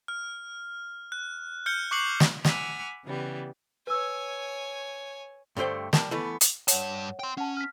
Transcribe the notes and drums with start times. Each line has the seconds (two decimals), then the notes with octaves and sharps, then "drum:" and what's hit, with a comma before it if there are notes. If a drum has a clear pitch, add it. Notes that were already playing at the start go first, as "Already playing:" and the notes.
0.08 F6
1.12 F#6
1.66 F6 G6 C#7 G7
1.91 C#6 D6 F#6 C7 C#7 F#7
2.20 drum: snare
2.45 F#5 G#5 B5 D6 E6 F6, drum: snare
3.05 C#3 E3 G3 B3
3.87 B4 C#5 G#5 E6
5.57 G2 D3 A3 C5 G5
5.93 G3 A#4 A5, drum: snare
6.11 E3 A3 B3
6.41 drum: hi-hat
6.68 G2 C#5 F#5 A5, drum: hi-hat
7.19 G5 C6
7.38 C#4 F#5 A5
7.57 F6 B6